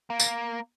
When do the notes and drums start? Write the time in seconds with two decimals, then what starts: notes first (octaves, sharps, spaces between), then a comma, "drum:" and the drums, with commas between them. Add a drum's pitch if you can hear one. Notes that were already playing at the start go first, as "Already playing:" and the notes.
0.10 A#3
0.20 drum: tambourine